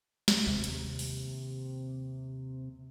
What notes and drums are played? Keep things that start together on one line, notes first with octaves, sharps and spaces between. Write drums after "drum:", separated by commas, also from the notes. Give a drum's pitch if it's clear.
drum: snare
D#2 C3
drum: hi-hat
drum: open hi-hat